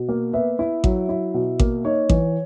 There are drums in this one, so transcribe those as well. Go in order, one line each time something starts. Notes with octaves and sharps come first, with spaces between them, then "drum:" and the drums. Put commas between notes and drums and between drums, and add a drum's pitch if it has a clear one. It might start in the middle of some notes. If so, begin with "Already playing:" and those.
Already playing: B2
A#3
B3 E5
E4
F#3, drum: kick A1
E4
B2
A#3, drum: kick A1
D#4 C#5
E3, drum: kick A1